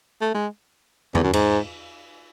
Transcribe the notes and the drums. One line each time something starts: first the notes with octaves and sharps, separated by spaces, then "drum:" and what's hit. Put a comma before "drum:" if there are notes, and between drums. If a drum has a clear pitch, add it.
A3
G#3
E2, drum: tom E2
F#2
G#2, drum: cymbal